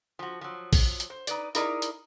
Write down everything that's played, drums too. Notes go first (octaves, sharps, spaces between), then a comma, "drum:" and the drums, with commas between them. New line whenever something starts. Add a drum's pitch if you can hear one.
F3 F#4
F3 F#3
drum: kick A#1, open hi-hat
drum: hi-hat
C5
D#4 B4 D5, drum: hi-hat
D#4 E4 G#4 A#4 D5 D#5, drum: hi-hat
drum: hi-hat